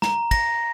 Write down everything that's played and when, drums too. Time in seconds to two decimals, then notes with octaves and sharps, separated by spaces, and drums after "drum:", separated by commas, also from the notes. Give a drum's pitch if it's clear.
0.02 A#5, drum: snare
0.31 A#6, drum: kick, cymbal